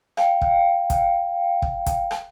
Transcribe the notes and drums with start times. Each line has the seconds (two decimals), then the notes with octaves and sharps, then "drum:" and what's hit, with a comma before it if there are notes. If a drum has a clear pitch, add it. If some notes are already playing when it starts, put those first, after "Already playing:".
0.17 F5 G5, drum: rim click
0.41 drum: kick
0.90 drum: kick, hi-hat
1.62 drum: kick
1.86 drum: kick, hi-hat
2.11 drum: rim click